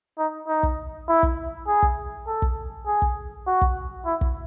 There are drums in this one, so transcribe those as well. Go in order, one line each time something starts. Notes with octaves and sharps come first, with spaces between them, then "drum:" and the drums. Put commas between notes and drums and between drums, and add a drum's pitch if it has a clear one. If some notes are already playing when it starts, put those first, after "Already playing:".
D#4
D#4
drum: kick
E4
drum: kick
G#4
drum: kick
A4
drum: kick
G#4
drum: kick
F#4
drum: kick
E4
drum: kick